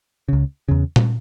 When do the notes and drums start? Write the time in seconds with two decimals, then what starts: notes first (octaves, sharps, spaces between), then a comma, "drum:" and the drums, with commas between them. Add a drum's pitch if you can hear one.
0.28 C#2 C#3
0.68 E2 C#3
0.96 drum: tom A#2